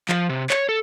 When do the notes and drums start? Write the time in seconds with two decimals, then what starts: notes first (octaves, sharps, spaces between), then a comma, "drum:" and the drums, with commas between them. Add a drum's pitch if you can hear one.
0.09 F3, drum: clap
0.29 C3
0.50 C#5, drum: clap
0.69 A4